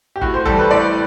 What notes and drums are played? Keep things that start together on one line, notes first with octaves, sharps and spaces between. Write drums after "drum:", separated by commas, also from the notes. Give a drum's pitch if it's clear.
G4
A2 F#4, drum: kick
C5
E3 G3 A4, drum: kick
B4
A2 D5